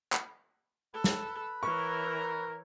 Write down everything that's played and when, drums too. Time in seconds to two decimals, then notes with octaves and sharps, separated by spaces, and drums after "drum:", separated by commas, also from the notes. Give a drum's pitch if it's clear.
0.12 drum: clap
0.94 A4 B4 B5
1.04 drum: snare
1.63 E3 A#4 C#5 C#6